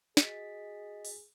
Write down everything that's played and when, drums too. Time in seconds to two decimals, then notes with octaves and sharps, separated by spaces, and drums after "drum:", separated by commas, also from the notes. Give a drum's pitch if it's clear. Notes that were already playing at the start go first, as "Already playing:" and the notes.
0.17 F#4 G#4 D#5 A6 B6, drum: snare
1.05 drum: open hi-hat